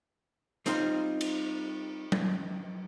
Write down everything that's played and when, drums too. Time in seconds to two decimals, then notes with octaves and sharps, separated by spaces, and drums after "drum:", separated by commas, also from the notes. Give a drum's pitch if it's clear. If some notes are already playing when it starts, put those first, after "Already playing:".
0.66 G3 C4 D#4 F4, drum: hi-hat
1.21 drum: cymbal
2.12 drum: tom F#3